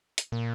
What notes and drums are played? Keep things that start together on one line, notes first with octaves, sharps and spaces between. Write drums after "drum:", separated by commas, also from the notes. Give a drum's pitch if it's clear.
drum: hi-hat
A#2